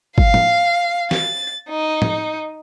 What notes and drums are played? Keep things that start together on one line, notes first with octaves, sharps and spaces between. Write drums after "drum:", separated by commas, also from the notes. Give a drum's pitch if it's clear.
F5, drum: kick G1
drum: tom
A6, drum: snare
D#4
drum: tom